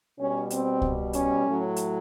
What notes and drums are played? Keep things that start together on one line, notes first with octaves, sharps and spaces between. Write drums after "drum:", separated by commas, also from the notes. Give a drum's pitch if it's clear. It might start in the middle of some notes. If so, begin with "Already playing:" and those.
B2 G3 C#4
C4, drum: hi-hat
drum: kick C2
C#4, drum: hi-hat
A2 F#3
drum: hi-hat